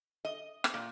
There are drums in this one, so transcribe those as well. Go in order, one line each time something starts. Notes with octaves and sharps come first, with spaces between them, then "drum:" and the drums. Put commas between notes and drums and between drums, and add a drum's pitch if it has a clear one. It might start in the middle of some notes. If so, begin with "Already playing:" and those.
D#5
drum: rim click
A#2